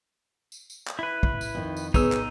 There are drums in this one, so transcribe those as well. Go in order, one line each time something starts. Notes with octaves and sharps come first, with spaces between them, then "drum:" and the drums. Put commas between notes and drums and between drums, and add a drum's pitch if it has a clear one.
drum: tambourine
drum: tambourine
drum: clap
E4 B4
drum: kick
drum: tambourine
F2 D#3
drum: tambourine
B3 D#4 G#4 C#5 E6, drum: kick, tambourine
drum: clap